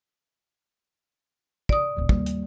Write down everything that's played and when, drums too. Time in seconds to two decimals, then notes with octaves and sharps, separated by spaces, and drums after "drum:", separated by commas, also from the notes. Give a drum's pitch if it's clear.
1.69 D5 D#6, drum: kick
1.97 D1 F#3
2.09 D#2 G3, drum: kick
2.26 drum: hi-hat